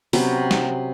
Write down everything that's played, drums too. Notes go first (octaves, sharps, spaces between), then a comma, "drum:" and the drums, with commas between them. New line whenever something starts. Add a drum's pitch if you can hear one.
C3 F#3 B3 C#4, drum: open hi-hat
drum: snare